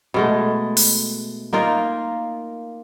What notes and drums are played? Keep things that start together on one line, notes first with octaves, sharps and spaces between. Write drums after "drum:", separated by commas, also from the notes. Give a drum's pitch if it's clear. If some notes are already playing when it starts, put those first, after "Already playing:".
B2 G#3 A3
drum: open hi-hat
A#3 D#4 F4 A#4